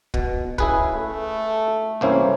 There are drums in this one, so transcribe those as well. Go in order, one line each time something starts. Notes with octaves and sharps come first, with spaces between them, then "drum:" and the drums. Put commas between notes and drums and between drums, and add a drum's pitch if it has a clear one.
B2, drum: kick
C#3 E4 G#4 B4, drum: kick
A3
C2 E3 A#3 C#4 E4 C5